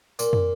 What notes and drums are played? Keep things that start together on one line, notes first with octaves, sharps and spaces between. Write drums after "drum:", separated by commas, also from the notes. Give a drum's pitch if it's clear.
A#2, drum: tambourine
drum: tom